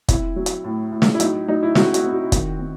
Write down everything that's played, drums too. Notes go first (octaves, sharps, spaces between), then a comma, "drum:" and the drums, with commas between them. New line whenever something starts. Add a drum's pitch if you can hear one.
C4 E4, drum: kick, hi-hat
F#3
drum: hi-hat
A2
A2
drum: snare
E4
F#3 D#4, drum: hi-hat
F#3 D#4
E4
C4 F#4, drum: snare
F#4, drum: hi-hat
C4
F#4
D#3, drum: kick, hi-hat
C4